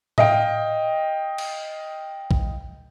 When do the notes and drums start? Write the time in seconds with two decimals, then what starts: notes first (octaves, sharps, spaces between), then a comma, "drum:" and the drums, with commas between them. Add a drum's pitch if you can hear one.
0.18 D#5 F5 G5, drum: tom A2
1.38 drum: cymbal
2.31 drum: kick A#1